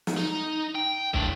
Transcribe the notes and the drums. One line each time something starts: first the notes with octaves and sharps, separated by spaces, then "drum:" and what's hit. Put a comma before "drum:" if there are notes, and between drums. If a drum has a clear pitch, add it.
drum: snare
D#4
G5
A2 D4, drum: kick